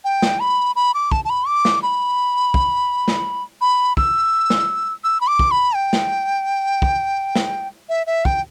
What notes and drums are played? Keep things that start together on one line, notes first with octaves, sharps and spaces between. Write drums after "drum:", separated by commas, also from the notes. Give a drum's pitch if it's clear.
G5
drum: snare
B5
B5
D6
A5, drum: kick
A5
B5
D6
drum: snare
B5
drum: kick
drum: snare
B5
E6, drum: kick
drum: snare
E6
B5
D6
drum: kick
B5
G5
drum: snare
drum: kick
drum: snare
E5
E5
G5, drum: kick